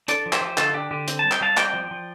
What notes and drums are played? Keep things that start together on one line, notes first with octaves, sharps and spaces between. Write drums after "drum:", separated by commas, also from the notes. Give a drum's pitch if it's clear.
D4 A4 D5, drum: hi-hat
F3
G4 C5, drum: clap
F3
D3 F4 A4, drum: clap
D4 G4
D3 G4
C4, drum: hi-hat
G3 A5
G5, drum: clap
G3 F5 A5
C4 D5 G5, drum: clap
F3
F3